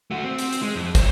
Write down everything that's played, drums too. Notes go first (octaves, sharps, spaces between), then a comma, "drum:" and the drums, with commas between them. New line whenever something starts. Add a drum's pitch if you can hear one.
A3 F#4
C4
drum: hi-hat
drum: hi-hat
G#3
F2
C5 C#5, drum: kick, hi-hat